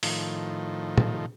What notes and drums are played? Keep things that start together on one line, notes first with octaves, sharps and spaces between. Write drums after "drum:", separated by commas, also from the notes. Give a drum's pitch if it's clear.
A2 D#3 F3, drum: open hi-hat
drum: tom A#2